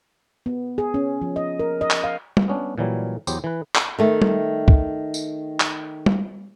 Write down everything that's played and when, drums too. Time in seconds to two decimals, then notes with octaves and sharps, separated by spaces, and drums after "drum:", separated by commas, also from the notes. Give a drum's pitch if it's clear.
0.46 B3
0.78 G#4
0.94 C#4
1.22 F3
1.36 D#5
1.60 A#4
1.81 D#5
1.91 drum: clap
2.04 F5
2.37 drum: tom
2.48 B3 C#4 D4
2.78 A#2 E3 F#3 G3
3.27 E2 F#3 G4 C5, drum: tambourine
3.44 E3 B4
3.75 drum: clap
3.99 D#3 A3
4.22 drum: tom
4.68 drum: kick C#2
5.14 drum: tambourine
5.60 drum: clap
6.06 drum: tom